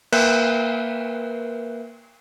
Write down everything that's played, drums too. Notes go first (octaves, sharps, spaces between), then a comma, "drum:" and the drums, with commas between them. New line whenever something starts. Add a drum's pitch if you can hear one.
A#3 A#4 B4 E5 F#6 G6, drum: cymbal